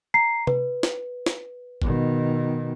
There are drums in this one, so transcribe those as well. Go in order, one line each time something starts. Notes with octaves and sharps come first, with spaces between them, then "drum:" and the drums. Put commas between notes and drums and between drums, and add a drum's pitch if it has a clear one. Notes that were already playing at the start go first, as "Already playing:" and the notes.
A#5 C7
B4, drum: tom C3
drum: snare
drum: snare
B2 D#3, drum: kick G#1